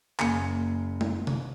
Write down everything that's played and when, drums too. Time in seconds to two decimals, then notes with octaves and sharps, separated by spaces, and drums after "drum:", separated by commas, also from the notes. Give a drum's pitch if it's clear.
0.19 F#1 A#3 G#5 C#7, drum: clap
1.01 drum: tom
1.27 drum: tom C3